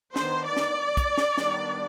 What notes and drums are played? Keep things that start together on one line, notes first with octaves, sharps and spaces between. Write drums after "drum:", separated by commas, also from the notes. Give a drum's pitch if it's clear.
D#3 B3 D4 C5, drum: snare
D5
drum: snare
drum: kick, hi-hat
drum: snare
D#3 G3 B3 D4, drum: snare